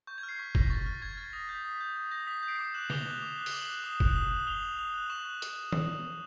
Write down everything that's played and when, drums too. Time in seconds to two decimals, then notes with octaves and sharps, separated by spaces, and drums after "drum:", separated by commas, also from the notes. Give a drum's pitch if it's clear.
0.07 C#6 G6
0.18 G#6
0.23 F6
0.29 C7
0.38 C#6 B6
0.55 F6 A#6, drum: kick
0.70 C#6 A6
0.86 F6
1.02 C#6 G#6
1.17 F6 A6
1.33 D#6 A#6
1.49 G6 B6
1.65 D#6
1.81 G6
1.96 D#6
2.11 G6 A#6
2.27 D#6 B6
2.43 G6
2.48 C7 D7
2.59 D6 C7
2.74 F#6 E7 F#7
2.90 D6 F7 G7, drum: snare C#3
3.06 F#6
3.22 D6
3.37 F#6
3.46 G7, drum: open hi-hat
3.53 D6 E7 F#7
3.69 F#6
3.84 D#6
4.00 F#6, drum: kick
4.16 D#6
4.31 F#6
4.47 D#6 F7 G7
4.63 F#6
4.79 D#6
4.94 F#6
5.09 C#6 E7 F#7
5.25 F#6
5.42 drum: hi-hat
5.72 drum: tom